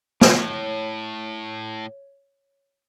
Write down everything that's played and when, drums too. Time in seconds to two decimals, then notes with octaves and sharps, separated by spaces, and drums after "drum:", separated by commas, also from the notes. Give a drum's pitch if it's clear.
0.21 A2 C#5, drum: snare